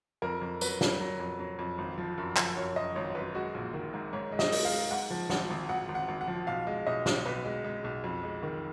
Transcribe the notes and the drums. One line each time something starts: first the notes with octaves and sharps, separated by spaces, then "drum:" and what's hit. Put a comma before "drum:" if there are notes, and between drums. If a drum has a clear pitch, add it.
F2 A#4
F2
F#3 B4, drum: tambourine
F2, drum: snare
F#3
F2
F#3
F2
G#1
F3
F#2
F3, drum: clap
F#2 C#5
F#2 D#5
G#1 C#5
F#2 B4
G#3 F#4
A#1
D#3
G#2
G#2 C#5
G#3
D#5, drum: snare
G#3, drum: open hi-hat
F5
G#3
G#2 F#5
F3
G#1 F#5, drum: snare
G#1
G#1 F#5
G#1
F#5
G#1
F#5
F3
B1 F5
G#3
B1 D#5
B1, drum: snare
B1 B4
G#3
G#3
B1
F2
G#3
D#3